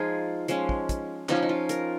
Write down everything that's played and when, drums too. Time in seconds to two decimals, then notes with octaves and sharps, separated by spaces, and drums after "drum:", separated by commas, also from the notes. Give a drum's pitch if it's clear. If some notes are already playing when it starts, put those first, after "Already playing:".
Already playing: F3 G#3 D#4 F4 G#4
0.48 F3 G#3 C#4, drum: hi-hat
0.69 drum: kick
0.89 drum: kick, hi-hat
1.29 F3 C#4 D#4, drum: clap
1.43 D#4
1.49 F4
1.69 A#4, drum: hi-hat